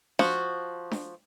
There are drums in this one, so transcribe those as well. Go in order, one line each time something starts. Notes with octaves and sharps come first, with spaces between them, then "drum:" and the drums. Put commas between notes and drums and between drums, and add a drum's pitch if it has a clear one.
F3 F#4, drum: snare D4
drum: snare D4